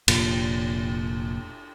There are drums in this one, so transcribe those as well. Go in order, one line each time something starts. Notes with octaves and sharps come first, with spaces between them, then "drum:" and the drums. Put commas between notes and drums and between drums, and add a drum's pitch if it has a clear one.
F1 A#2, drum: cymbal